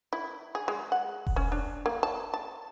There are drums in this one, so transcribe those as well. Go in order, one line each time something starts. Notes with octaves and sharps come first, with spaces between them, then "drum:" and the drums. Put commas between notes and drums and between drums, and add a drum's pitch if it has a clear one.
E4
G#4
G#3
F#5
drum: kick E1
C#4
D4
A#3
A5
A5